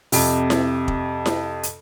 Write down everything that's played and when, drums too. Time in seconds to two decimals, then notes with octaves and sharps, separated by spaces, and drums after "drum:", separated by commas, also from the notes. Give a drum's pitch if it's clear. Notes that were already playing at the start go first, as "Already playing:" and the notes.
0.12 F2 C3, drum: open hi-hat
0.50 drum: snare E4
0.88 drum: kick
1.26 drum: snare E4
1.63 drum: hi-hat